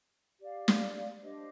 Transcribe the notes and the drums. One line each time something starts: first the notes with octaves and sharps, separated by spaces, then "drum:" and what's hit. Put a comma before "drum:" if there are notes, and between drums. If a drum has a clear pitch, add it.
G4 D5 F5
drum: snare
D4 G4 C5 D#5